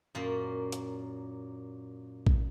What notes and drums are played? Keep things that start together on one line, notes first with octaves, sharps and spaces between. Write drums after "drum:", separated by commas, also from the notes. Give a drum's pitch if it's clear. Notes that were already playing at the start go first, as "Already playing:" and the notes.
F#2 A#2 A#3
drum: hi-hat
drum: kick A#1